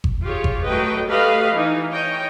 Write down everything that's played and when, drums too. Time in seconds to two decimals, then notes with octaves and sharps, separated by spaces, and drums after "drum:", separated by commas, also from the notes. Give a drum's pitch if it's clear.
0.04 drum: kick G1
0.24 F4 G4 G#4 C#5
0.44 drum: kick G1
0.64 F#3 A3 B4 D#5 G5
1.09 A3 G4 B4 D#5 F5 B5
1.54 E3 D#4
1.91 C#5 D#5 G5